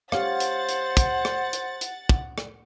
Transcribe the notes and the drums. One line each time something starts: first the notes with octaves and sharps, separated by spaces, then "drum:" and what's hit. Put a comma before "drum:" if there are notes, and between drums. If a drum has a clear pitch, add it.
G4 C5 C#5 F5 F#5 A6, drum: rim click
drum: hi-hat
drum: hi-hat
drum: kick, hi-hat
drum: rim click
drum: hi-hat
drum: hi-hat
drum: kick
drum: rim click